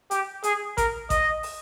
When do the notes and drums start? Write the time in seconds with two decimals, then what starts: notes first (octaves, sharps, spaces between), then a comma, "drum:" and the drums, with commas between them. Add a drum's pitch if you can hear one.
0.11 G4, drum: hi-hat
0.43 G#4, drum: hi-hat
0.78 A#4, drum: kick A1, hi-hat
1.10 D#5, drum: kick A1, hi-hat
1.43 drum: open hi-hat